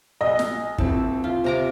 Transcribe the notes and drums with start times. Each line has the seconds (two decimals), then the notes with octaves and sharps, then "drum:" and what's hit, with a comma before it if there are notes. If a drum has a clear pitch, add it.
0.21 B1 D#5
0.39 drum: snare
0.78 D#1 C4 E4 A4, drum: kick
1.24 F4
1.44 C3 A#5 D6